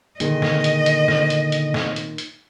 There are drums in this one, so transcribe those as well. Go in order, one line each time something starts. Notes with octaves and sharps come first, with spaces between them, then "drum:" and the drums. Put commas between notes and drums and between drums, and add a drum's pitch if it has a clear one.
A#2 D3 D#3 G#4 D#5, drum: hi-hat
drum: snare
drum: hi-hat
drum: hi-hat
drum: snare
drum: hi-hat
drum: hi-hat
drum: snare
drum: hi-hat
drum: hi-hat